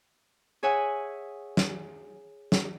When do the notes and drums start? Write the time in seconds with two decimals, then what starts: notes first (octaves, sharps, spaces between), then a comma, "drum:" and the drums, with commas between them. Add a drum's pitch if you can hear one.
0.63 G#4 C#5 E5 F#5 G#5
1.57 drum: snare
2.52 drum: snare